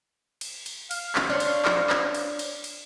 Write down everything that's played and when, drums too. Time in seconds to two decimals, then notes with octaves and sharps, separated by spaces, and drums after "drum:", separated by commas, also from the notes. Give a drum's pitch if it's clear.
0.41 drum: cymbal
0.66 drum: cymbal
0.91 F5, drum: cymbal
1.15 drum: clap
1.30 D4 C5 C#5
1.40 drum: cymbal
1.65 drum: clap
1.90 drum: clap
2.14 drum: cymbal
2.39 drum: cymbal
2.64 drum: cymbal